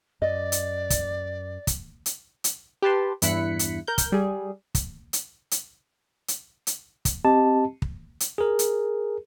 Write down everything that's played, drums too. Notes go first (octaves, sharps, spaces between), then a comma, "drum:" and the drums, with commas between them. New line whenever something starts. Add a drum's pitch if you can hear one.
F#2 D5 D#5
drum: hi-hat
drum: kick, hi-hat
drum: kick, hi-hat
drum: hi-hat
drum: hi-hat
G4 B4 A5 C6
E2 G2 E4 F#6 B6 C#7, drum: hi-hat
drum: hi-hat
A#4 G6
drum: kick, hi-hat
G3 G#4
drum: kick, hi-hat
drum: hi-hat
drum: hi-hat
drum: hi-hat
drum: hi-hat
drum: kick, hi-hat
C4 G4 D#5 A5
drum: kick
drum: hi-hat
G#4 A#4
drum: hi-hat